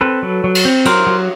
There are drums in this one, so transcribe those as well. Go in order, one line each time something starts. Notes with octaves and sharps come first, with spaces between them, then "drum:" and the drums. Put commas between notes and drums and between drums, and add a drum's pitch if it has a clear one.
C4 A4 B4
F#3
F#3
drum: cymbal
C4
F#3 A#4 C5, drum: cymbal
F#3